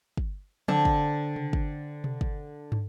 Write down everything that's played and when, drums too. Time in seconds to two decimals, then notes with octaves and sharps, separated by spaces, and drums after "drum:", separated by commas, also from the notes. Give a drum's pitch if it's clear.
0.17 drum: kick
0.68 D3 C4 A5, drum: tom F3
0.85 drum: kick
1.36 drum: tom C3
1.53 drum: kick
2.04 drum: tom B2
2.21 drum: kick
2.72 drum: tom